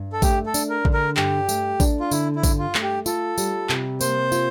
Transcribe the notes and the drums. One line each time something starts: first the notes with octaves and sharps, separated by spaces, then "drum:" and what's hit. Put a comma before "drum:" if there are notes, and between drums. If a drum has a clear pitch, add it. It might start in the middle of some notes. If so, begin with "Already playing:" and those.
Already playing: G2
A4
A3 G4, drum: kick A1, tambourine
A4
D4, drum: tambourine
A#4
D3, drum: kick A1
A#4
G2 G4, drum: clap
A3, drum: tambourine
D4, drum: kick A1, tambourine
F4
D3 E4, drum: tambourine
E4
G2, drum: kick A1, tambourine
F4
A3, drum: clap
G4
F4 A4, drum: tambourine
G3, drum: tambourine
C3, drum: clap
A#3 C5, drum: tambourine
F4, drum: tambourine